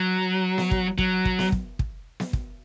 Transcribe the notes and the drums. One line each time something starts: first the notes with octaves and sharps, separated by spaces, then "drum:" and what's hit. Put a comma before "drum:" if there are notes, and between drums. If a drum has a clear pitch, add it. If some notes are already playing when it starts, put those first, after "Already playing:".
Already playing: F#3
drum: snare B3
drum: kick
F#3, drum: kick
drum: kick
drum: snare B3
drum: kick
drum: kick
drum: snare B3
drum: kick